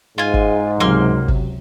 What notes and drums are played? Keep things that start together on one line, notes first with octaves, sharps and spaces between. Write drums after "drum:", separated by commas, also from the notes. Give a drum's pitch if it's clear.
G#2 F4 G#5
drum: kick
C#2 C3 F#3 A#3 C6 F6
drum: kick